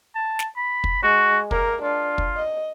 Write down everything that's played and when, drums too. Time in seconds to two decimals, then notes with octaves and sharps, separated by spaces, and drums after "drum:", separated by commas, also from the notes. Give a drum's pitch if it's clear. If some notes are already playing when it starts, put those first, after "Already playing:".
0.15 A5
0.39 drum: snare
0.56 B5
0.84 drum: kick
1.03 G#3 F#4
1.51 A#3 A#4, drum: kick
1.82 D4 F4
2.18 drum: kick
2.36 D#5